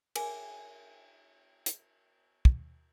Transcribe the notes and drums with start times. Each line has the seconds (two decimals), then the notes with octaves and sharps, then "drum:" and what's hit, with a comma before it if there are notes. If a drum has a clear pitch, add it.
0.15 G#4 A#4 G#5, drum: cymbal
1.66 drum: hi-hat
2.45 drum: kick